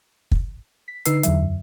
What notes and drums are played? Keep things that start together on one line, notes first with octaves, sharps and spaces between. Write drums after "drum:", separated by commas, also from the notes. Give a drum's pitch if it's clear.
drum: kick
B6
D3 D#4 B4 E6 C7, drum: hi-hat
E2 D3 F#3 E5, drum: hi-hat
F#2